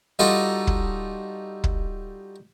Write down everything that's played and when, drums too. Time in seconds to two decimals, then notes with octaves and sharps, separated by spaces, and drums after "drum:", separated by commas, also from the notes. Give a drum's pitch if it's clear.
0.19 G3 D#4 F4 F#4 A4
0.67 drum: kick
1.64 drum: kick